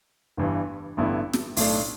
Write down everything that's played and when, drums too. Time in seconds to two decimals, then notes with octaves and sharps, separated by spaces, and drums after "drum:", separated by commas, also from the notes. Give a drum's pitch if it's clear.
0.37 G1 G2 E3
0.97 A1 G2 D3 B3 E4
1.34 drum: snare
1.57 B1 A2 A3 D4, drum: open hi-hat